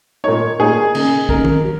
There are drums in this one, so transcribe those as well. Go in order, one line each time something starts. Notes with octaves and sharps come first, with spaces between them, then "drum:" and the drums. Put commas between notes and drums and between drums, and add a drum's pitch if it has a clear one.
A#2 A#3 D#4 C#5
A#2 A#3 D#4 G#4
C#3 A#3 D#4, drum: cymbal
C#3 A#3 D#4 A#4, drum: kick
drum: tom D#3
F#3